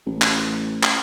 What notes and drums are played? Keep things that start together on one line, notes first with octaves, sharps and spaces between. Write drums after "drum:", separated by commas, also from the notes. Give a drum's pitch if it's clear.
A1
drum: clap
drum: clap